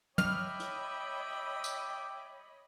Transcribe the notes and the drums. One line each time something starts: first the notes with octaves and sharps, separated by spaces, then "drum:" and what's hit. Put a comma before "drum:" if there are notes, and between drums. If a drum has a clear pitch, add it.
C#5 D#5 E5 G5 B5 D6 F6, drum: tom
drum: hi-hat
drum: tambourine